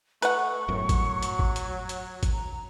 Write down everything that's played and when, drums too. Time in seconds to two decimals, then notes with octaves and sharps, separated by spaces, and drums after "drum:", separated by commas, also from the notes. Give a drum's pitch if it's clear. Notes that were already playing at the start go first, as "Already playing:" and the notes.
0.22 A3 B4 F#5 C#6, drum: hi-hat
0.68 G1 F#2 A2 F#3
0.89 drum: kick G#1, hi-hat
1.23 drum: hi-hat
1.39 drum: kick G#1
1.56 drum: hi-hat
1.89 drum: hi-hat
2.23 drum: kick G#1, hi-hat
2.33 A#5